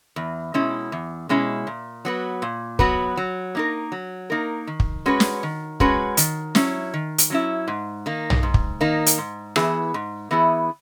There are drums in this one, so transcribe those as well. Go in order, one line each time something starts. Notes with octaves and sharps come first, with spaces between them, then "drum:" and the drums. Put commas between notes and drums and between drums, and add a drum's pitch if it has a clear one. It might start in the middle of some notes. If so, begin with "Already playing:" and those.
E2
B2 G#3 C#4 E4
E2
B2 G#3 C#4 E4
A#2
F#3 B3 F#4 B4
A#2
F#3 B3 F#4 B4, drum: kick
F#3
A#3 D#4 A#4
F#3
A#3 D#4 A#4
D#3
drum: kick
G#3 C#4 F#4 B4
drum: snare
D#3
G#3 C#4 F#4 B4, drum: kick
D#3, drum: hi-hat
F#3 C#4 E4, drum: snare
D#3
drum: hi-hat
F#3 C#4 E4
G#2
D#3 A#3 D#4
drum: tom
G#2
drum: kick
D#3 A#3 D#4
drum: hi-hat
G#2
E3 B3 E4 G#4, drum: rim click
G#2
E3 B3 E4 G#4